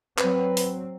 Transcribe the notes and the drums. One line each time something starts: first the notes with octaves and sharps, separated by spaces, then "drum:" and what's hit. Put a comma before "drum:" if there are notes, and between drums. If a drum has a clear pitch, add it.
F#3 C4 B4, drum: clap
drum: open hi-hat